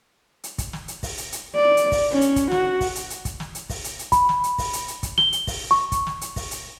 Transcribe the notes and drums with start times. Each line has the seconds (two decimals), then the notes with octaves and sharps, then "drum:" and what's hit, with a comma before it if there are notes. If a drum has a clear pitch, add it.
0.44 drum: hi-hat
0.58 drum: kick, hi-hat
0.73 drum: snare
0.88 drum: hi-hat
1.03 drum: kick, open hi-hat
1.18 drum: hi-hat
1.32 drum: hi-hat
1.56 D5
1.77 drum: hi-hat
1.92 drum: kick, open hi-hat
2.12 C#4
2.21 drum: hi-hat
2.36 drum: kick, hi-hat
2.51 F#4, drum: snare
2.81 drum: kick, open hi-hat
2.95 drum: hi-hat
3.10 drum: hi-hat
3.25 drum: kick, hi-hat
3.40 drum: snare
3.55 drum: hi-hat
3.70 drum: kick, open hi-hat
3.84 drum: hi-hat
3.99 drum: hi-hat
4.12 B5, drum: kick, hi-hat
4.29 drum: snare
4.44 drum: hi-hat
4.58 drum: kick, open hi-hat
4.73 drum: hi-hat
4.88 drum: hi-hat
5.03 drum: kick, hi-hat
5.18 G7, drum: snare
5.33 drum: hi-hat
5.47 drum: kick, open hi-hat
5.71 C#6
5.92 drum: kick, hi-hat
6.07 drum: snare
6.21 drum: hi-hat
6.36 drum: kick, open hi-hat
6.51 drum: hi-hat